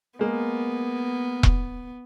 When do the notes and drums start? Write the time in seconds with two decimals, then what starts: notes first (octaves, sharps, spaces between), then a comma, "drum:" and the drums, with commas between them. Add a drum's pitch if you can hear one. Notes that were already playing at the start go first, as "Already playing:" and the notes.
0.19 G#3 A#3 B3
1.43 drum: kick E1